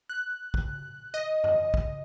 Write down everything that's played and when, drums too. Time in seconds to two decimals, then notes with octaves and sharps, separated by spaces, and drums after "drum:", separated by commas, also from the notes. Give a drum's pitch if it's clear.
0.10 F#6
0.54 drum: kick
1.14 D#5
1.44 drum: tom F#2
1.74 drum: kick